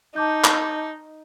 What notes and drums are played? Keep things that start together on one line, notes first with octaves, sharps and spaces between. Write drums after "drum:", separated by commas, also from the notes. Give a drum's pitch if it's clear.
D#4 A5 D6 G6
drum: clap